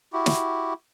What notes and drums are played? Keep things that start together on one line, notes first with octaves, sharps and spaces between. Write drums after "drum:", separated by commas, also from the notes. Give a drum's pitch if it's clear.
E4 F#4 G4
drum: snare